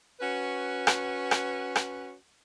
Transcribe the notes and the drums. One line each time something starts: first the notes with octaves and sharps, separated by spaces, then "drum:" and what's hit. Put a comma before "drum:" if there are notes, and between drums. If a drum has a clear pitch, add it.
C#4 F#4 B4
drum: rim click
drum: rim click
drum: rim click